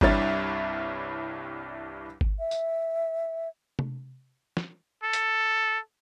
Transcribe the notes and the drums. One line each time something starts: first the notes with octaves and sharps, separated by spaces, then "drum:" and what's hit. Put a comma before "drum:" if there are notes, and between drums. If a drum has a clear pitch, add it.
C2 G2 G3 E4 C#5 A6, drum: kick G1
drum: kick G1
E5
drum: tambourine
drum: tom C3
drum: snare
A4
drum: hi-hat